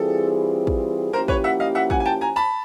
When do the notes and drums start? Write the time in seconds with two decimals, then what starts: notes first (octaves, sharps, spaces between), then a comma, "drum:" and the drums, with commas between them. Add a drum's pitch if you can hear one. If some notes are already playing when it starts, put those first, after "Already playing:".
Already playing: E3 G3 C4 F4 G#4 A4
0.67 drum: kick
1.13 F3 A#3 C#4 E4 G4 A#4 C5
1.28 B4 C#5, drum: kick
1.44 E5 F#5
1.60 D#5 F5
1.75 E5 F#5
1.90 F#5 G#5, drum: kick
2.00 G#5
2.05 G5 A5
2.21 G#5 A#5
2.36 A5 B5